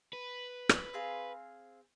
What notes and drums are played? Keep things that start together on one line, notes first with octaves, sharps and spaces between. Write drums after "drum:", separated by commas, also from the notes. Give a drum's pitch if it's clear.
B4
drum: rim click
C4 G#4 F5